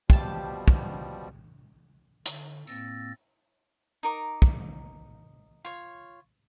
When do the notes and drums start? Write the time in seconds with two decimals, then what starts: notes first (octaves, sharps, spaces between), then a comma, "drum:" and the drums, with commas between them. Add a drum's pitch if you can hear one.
0.10 B2 F3 G3 G4 A5, drum: kick
0.68 drum: kick
2.26 D3, drum: hi-hat
2.67 A2 A#3 C4 E6 A6 A#6, drum: tambourine
4.03 D#4 A#4 D6
4.42 drum: kick
5.65 F4 C#5